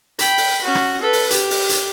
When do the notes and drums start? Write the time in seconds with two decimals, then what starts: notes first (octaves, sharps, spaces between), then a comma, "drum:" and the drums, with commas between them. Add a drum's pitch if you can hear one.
0.19 G5 B5, drum: hi-hat
0.38 drum: open hi-hat
0.63 C#4 F#4
0.75 drum: rim click
1.01 A4 B4
1.13 drum: open hi-hat
1.31 G4, drum: hi-hat
1.51 drum: open hi-hat
1.69 drum: hi-hat